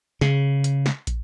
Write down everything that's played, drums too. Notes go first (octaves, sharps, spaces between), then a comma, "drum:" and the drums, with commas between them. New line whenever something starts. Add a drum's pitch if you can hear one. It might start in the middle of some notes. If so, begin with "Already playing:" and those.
C#3, drum: snare
drum: hi-hat
drum: snare
drum: kick, hi-hat